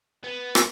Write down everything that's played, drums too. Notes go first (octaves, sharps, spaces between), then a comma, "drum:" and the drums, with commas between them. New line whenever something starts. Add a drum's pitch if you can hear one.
B3
drum: rim click